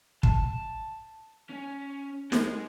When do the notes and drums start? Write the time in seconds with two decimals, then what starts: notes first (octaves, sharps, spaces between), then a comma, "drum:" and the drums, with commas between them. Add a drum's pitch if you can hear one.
0.23 A5, drum: kick
1.50 C#4
2.32 G#3, drum: snare